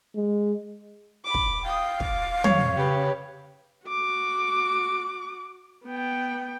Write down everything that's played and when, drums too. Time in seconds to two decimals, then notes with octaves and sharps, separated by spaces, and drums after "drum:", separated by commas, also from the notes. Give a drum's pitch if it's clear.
0.16 G#3
1.25 B5 D6
1.34 drum: kick
1.65 F5 G5 D#6
2.00 D6, drum: kick
2.44 F2 C#5, drum: tom
2.77 C#3 G4 B4
3.86 F#4 D6
5.85 B3 G5